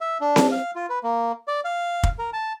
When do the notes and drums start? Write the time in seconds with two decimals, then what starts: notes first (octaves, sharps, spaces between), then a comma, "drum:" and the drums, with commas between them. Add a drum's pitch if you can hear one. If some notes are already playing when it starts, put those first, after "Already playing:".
0.01 E5
0.21 D4
0.36 drum: snare C4
0.52 F5
0.75 F4
0.90 B4
1.03 A#3
1.48 D5
1.65 F5
2.03 drum: kick
2.19 A#4
2.33 A5